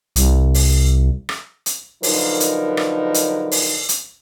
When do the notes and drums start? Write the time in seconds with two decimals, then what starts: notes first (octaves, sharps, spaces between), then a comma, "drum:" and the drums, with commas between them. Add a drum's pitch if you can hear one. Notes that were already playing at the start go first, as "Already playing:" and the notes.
0.16 C2, drum: hi-hat
0.54 drum: open hi-hat
1.29 drum: rim click
1.66 drum: hi-hat
2.03 D3 F3 F#3 D#4 A#4 B4, drum: open hi-hat
2.40 drum: hi-hat
2.77 drum: rim click
3.14 drum: hi-hat
3.51 drum: open hi-hat
3.89 drum: hi-hat